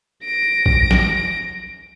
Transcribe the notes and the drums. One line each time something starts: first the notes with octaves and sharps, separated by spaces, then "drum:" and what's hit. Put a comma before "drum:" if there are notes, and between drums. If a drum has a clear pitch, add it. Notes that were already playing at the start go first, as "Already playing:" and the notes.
A#6 D7
drum: kick A#1
drum: snare